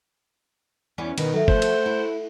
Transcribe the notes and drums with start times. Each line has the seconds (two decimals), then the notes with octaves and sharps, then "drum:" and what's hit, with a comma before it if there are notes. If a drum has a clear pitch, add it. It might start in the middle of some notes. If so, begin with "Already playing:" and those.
0.98 E2 B3 C#4 D5
1.18 B2 D#3, drum: cymbal
1.34 F#3 A4 E5
1.48 F3 A3 C5 F#5, drum: kick G1
1.62 drum: cymbal
1.86 E4